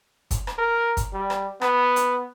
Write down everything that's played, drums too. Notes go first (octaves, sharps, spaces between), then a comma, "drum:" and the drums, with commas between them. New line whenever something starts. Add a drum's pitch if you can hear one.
drum: kick, hi-hat
drum: rim click
A#4
drum: kick, hi-hat
G3
drum: rim click
B3, drum: rim click
drum: hi-hat